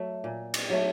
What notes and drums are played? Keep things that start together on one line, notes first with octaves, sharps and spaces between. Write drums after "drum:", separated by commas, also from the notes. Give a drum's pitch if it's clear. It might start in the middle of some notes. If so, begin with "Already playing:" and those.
Already playing: F#3 A3 E5
A#2
drum: cymbal
F#3 A3